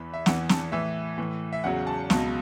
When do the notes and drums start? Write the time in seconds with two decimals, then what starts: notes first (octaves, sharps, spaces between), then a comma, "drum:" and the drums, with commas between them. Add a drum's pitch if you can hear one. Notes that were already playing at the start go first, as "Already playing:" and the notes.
Already playing: E2 E3 B5
0.14 E5
0.26 E2 E3 F#5, drum: snare
0.49 A5, drum: snare
0.72 A2 E3 E5
1.18 A2 E3
1.53 E5
1.64 E2 C#3 F#3 F#5
1.87 A5
2.10 C#2 B2 F#3 A5, drum: snare